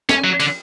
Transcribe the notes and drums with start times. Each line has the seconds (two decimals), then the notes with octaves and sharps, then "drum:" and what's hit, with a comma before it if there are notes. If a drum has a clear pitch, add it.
0.09 C#4, drum: snare
0.24 F#3
0.40 D3, drum: cymbal